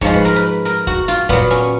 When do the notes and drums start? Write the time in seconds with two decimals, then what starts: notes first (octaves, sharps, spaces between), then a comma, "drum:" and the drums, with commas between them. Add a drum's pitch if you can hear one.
0.01 G#2 F3 G#3 C#5, drum: kick
0.13 B4
0.25 A#4, drum: hi-hat
0.36 B4
0.65 A#4, drum: hi-hat
0.87 F#4, drum: kick
1.08 F4, drum: hi-hat
1.29 A#2 F#3 B3, drum: kick
1.51 C#4, drum: hi-hat